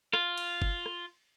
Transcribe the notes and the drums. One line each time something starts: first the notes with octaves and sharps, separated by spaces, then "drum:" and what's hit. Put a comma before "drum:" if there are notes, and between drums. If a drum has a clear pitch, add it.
F4, drum: rim click
drum: cymbal
drum: kick
drum: rim click